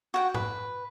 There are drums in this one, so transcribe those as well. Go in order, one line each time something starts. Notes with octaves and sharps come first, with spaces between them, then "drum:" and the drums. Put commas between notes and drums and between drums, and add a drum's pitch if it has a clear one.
F#4 F#5 G5
B4, drum: tom G#2